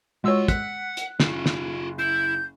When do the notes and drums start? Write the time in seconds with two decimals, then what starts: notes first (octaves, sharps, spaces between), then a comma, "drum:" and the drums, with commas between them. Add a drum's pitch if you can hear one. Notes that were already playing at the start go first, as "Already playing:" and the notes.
0.24 C2 G#3 F4 F#4 C#5 E6
0.48 F#5 F#6 B6, drum: kick, hi-hat
0.97 drum: hi-hat
1.20 F#1 D#4 F4, drum: snare
1.46 drum: snare
1.99 E4 G6